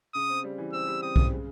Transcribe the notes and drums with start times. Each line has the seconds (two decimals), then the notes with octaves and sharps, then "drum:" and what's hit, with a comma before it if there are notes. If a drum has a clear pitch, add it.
0.14 C#3 D#6
0.29 C4
0.44 G3
0.58 E3
0.73 C4 E6
0.87 G3
1.02 C4 D#6
1.16 C#3, drum: kick B1
1.32 G#3